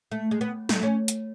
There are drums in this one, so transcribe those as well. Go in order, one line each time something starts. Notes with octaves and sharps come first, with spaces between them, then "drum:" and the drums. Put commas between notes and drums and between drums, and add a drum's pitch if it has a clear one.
A3
G#3
B3
A3, drum: snare
C#4
drum: hi-hat